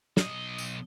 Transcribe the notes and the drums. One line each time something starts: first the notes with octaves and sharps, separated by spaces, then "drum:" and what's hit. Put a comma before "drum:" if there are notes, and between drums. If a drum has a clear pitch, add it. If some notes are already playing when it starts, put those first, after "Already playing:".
B1 D#5, drum: snare
drum: tambourine